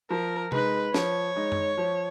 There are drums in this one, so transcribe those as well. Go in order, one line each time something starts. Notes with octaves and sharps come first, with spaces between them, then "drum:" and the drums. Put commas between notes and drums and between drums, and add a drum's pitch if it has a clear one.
F3 A#4
G#3 D#4 B4, drum: tom C3
F3 C#5, drum: snare
G#3 D#4
drum: tom F#2
F3